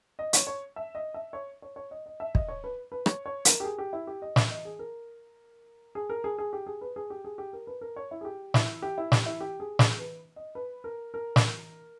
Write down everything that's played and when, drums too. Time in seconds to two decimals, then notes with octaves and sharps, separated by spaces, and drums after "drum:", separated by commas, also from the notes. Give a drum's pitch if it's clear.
0.19 D#5
0.33 C#5, drum: hi-hat
0.47 C#5
0.76 E5
0.95 D#5
1.14 E5
1.33 C#5
1.62 C#5
1.76 C#5
1.91 D#5
2.06 D#5
2.20 E5
2.35 D#5, drum: kick
2.48 C#5
2.64 B4
2.92 B4
3.06 C#5, drum: rim click
3.26 C#5
3.45 A#4, drum: hi-hat
3.60 G4
3.64 G#4
3.78 G4
3.93 E4
4.07 G4
4.22 D#5
4.36 E5, drum: snare
4.51 D#5
4.65 G#4
4.79 A#4
5.95 G#4
6.10 A#4
6.24 G#4
6.38 G#4
6.53 G4
6.67 G#4
6.81 B4
6.96 G#4
7.10 G4
7.25 G#4
7.38 G4
7.53 A#4
7.67 B4
7.81 A#4
7.96 C#5
8.11 E4
8.21 G#4
8.25 G4
8.54 E4, drum: snare
8.82 G4
8.98 E4
9.12 G4, drum: snare
9.26 E4
9.40 G4
9.60 G#4
9.79 G#4, drum: snare
9.98 B4
10.36 D#5
10.55 B4
10.84 A#4
11.14 A#4
11.36 drum: snare